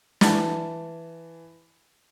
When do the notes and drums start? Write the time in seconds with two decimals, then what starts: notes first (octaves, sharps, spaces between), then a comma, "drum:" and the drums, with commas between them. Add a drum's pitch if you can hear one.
0.21 E3 A5, drum: snare